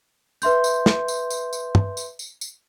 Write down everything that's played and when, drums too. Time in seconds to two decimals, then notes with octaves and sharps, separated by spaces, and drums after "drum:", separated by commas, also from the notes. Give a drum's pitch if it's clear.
0.42 B4 E5 C6 G6, drum: tambourine
0.64 drum: tambourine
0.86 drum: snare
1.08 drum: tambourine
1.30 drum: tambourine
1.53 drum: tambourine
1.75 drum: tom
1.97 drum: tambourine
2.19 drum: tambourine
2.41 drum: tambourine